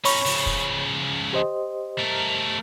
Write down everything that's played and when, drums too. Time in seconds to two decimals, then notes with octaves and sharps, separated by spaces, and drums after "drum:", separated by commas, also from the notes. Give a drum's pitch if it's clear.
0.05 C#4 D#4 C#5 B5 C#6, drum: open hi-hat
0.26 C#3 F3, drum: open hi-hat
0.46 drum: kick
1.33 G4 C5 D#5
1.98 A3 A#4